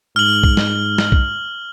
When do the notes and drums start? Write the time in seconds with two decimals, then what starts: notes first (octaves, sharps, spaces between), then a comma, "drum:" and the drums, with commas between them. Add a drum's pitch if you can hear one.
0.16 G#2 F6 F#7
0.44 drum: kick B1
0.57 drum: snare
0.98 drum: snare
1.12 drum: kick B1